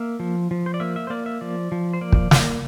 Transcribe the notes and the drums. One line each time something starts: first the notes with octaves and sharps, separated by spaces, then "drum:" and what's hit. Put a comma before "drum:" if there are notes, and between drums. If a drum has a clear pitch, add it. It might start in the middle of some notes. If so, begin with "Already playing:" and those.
Already playing: A#3 E5
F3
F3
C5
D5
A#3 E5
E5
C5
A#3 D5
E5
F3 D5
F3
C5
A#3 D5
drum: kick
A#3, drum: snare